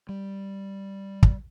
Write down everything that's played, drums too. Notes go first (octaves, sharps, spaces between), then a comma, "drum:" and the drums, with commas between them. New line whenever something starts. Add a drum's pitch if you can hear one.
G3
drum: kick